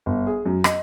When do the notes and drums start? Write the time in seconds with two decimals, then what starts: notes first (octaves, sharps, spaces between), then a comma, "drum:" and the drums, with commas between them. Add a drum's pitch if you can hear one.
0.06 G1
0.27 G#4
0.46 F#2
0.64 D#5, drum: rim click